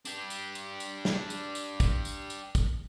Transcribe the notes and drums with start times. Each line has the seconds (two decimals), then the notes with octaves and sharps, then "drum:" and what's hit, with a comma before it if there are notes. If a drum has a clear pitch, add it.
0.05 D4 G4, drum: tambourine
0.30 drum: tambourine
0.55 drum: tambourine
0.80 drum: tambourine
1.05 drum: snare
1.30 drum: tambourine
1.55 drum: tambourine
1.80 drum: kick, tambourine
2.05 drum: tambourine
2.30 drum: tambourine
2.55 drum: kick, tambourine